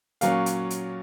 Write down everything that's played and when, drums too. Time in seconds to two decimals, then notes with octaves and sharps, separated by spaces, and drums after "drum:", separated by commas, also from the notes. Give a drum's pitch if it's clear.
0.21 A#2 F#3 C#4 F5, drum: hi-hat
0.46 drum: hi-hat
0.70 drum: hi-hat